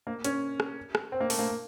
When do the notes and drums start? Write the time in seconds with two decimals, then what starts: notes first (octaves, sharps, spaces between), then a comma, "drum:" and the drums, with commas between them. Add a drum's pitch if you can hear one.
0.07 A#3
0.24 C#4, drum: hi-hat
0.60 drum: rim click
0.95 drum: rim click
1.12 C4
1.21 A#3
1.30 A3, drum: open hi-hat
1.39 A#3